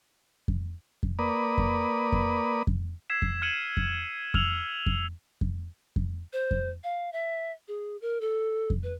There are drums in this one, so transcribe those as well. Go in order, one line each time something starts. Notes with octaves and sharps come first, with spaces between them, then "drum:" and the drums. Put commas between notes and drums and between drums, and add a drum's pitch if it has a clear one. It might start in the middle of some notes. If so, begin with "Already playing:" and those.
drum: kick F2
drum: kick F2
A#3 B4 D5 D#6
drum: kick F2
drum: kick F2
drum: kick F2
E6 G#6 B6 C7 E7
drum: kick F2
F6 G#6 C#7 D#7 F#7
drum: kick F2
E6 F6 F7 F#7, drum: kick F2
drum: kick F2
drum: kick F2
drum: kick F2
C5
drum: kick F2
F5
E5
G#4
A#4
A4
drum: kick F2
B4